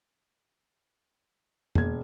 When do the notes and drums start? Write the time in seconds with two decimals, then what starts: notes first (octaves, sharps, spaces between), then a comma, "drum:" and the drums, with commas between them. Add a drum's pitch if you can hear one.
1.75 E1 A#3 G#6, drum: tom F2